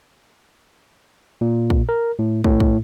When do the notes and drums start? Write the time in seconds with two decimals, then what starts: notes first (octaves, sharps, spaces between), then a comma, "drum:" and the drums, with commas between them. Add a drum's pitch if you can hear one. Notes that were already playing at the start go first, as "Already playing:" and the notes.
1.41 A#2
1.70 drum: kick
1.89 A#4
2.19 A2
2.44 A2, drum: kick
2.60 drum: kick